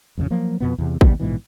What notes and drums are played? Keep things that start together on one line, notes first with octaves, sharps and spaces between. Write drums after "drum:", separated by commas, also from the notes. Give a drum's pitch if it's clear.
A1 F2 A#2 C#3
F3 F#3 A#3
F2 B2 B3
E2 C3
D#2 C3 G3 B3, drum: kick A1
A#1 G#2 B2 E3